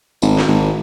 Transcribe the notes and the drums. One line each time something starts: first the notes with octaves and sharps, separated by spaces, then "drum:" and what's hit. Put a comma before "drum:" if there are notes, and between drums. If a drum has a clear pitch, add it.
G#1, drum: tambourine
drum: snare
G#1